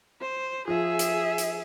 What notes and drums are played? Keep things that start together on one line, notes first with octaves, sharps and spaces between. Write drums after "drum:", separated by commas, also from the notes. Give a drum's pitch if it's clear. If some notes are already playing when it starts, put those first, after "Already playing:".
C5
F3 G#4 E5
drum: hi-hat
drum: hi-hat